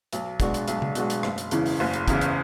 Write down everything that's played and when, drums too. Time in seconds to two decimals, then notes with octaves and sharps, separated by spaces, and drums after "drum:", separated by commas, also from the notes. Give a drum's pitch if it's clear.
0.13 B1, drum: hi-hat
0.40 B2 G#3 D4 F#4, drum: kick, hi-hat
0.54 drum: hi-hat
0.68 B1, drum: hi-hat
0.82 drum: tom C#3
0.95 B2 G#3 D4 F#4, drum: hi-hat
1.10 drum: hi-hat
1.23 F#1, drum: rim click
1.38 drum: hi-hat
1.51 E2 C#3 E3, drum: hi-hat
1.66 drum: open hi-hat
1.80 F#1
1.94 drum: hi-hat
2.08 E2 C#3 E3, drum: kick, hi-hat
2.21 drum: hi-hat